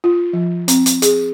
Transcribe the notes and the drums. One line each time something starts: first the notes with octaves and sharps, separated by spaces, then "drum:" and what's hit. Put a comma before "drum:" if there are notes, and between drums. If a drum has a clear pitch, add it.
F4
F3
C4, drum: hi-hat
drum: hi-hat
G#4, drum: hi-hat